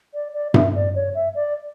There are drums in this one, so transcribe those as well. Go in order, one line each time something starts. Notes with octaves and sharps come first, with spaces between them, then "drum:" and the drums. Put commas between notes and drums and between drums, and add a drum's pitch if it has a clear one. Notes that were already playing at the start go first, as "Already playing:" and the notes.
D5
D5
E5, drum: tom G2
D5
C#5
E5
D5